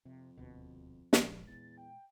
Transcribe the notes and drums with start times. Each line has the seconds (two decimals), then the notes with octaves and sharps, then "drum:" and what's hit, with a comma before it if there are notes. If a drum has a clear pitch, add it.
0.05 F2 C3
0.37 D#1 D2 B2
1.13 A#2 F3 G#3, drum: snare
1.47 E2 A6
1.77 G5